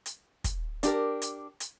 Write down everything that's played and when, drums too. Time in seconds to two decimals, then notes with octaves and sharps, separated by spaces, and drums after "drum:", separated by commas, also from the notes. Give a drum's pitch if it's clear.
0.06 drum: hi-hat
0.44 drum: kick, hi-hat
0.83 D4 G4 A#4, drum: hi-hat
1.22 drum: hi-hat
1.60 drum: hi-hat